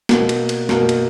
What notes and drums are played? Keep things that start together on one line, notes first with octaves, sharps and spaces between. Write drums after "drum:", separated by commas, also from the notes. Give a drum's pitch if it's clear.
B2 A#3, drum: snare
drum: cymbal
drum: cymbal
B2 A#3, drum: snare
drum: cymbal